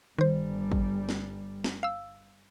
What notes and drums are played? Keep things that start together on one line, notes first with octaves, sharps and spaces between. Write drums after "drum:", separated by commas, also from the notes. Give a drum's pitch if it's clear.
G1 D#3 G3 C5
drum: kick
drum: snare
drum: snare
F5 E6